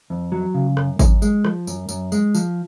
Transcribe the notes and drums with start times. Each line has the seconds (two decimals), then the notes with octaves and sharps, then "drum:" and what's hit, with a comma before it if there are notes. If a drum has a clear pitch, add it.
0.10 F2
0.32 F#3
0.54 C#3
0.77 F#2, drum: rim click
0.99 F#2, drum: kick G#1, tambourine
1.22 G#3, drum: tambourine
1.45 F3, drum: rim click
1.67 F#2, drum: tambourine
1.89 F#2, drum: tambourine
2.12 G#3, drum: tambourine
2.35 F3, drum: tambourine